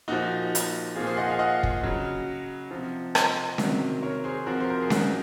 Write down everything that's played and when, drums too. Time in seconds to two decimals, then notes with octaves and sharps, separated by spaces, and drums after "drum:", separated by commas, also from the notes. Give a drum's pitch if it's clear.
0.08 A#2 F3 D#4 F#4
0.55 drum: hi-hat
0.96 A#2 F3 F4 G#4
1.07 G#4 C5
1.17 D#5 F#5
1.28 F5 G#5
1.39 D#5 F#5
1.63 drum: kick
1.83 C#3 F#3
2.71 C3 F3
3.15 C5 D#5, drum: rim click
3.58 C3 D#3 F#3, drum: snare C#4
4.02 A#4 C#5
4.24 G#4 C5
4.46 C3 F3 F#4 A#4
4.60 C5
4.70 A#4
4.80 G#4
4.90 D#4 F#4, drum: snare C#4